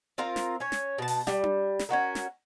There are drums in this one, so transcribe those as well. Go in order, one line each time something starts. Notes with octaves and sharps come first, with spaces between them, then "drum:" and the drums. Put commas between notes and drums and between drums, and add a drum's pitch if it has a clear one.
C4 F4 A#4 F5
drum: snare
C#4 C#5
drum: snare
B2 A5
drum: open hi-hat
G3, drum: snare
drum: tom D4
drum: snare
C#4 D#4 F#4 A#4
drum: snare